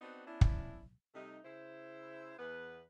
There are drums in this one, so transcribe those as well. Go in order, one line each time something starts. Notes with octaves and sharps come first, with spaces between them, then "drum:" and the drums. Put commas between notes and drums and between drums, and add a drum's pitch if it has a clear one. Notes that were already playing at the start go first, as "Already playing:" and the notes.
B3 C4 D4 D#4 F#4 B4
B3 C#4 D4 E4
drum: kick
C3 G3 A3 D#4
C#3 E4 C5
E2 B3 B4